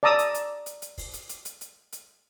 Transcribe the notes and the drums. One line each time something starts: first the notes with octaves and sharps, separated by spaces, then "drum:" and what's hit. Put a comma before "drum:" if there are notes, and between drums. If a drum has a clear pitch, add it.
D5 A5 A#5 D#6 E6
drum: hi-hat
drum: hi-hat
drum: hi-hat
drum: hi-hat
drum: kick, open hi-hat
drum: hi-hat
drum: hi-hat
drum: hi-hat
drum: hi-hat
drum: hi-hat